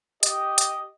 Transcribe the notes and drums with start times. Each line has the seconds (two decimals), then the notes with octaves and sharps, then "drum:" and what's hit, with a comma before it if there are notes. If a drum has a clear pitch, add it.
0.23 G4 D#5, drum: hi-hat
0.58 drum: hi-hat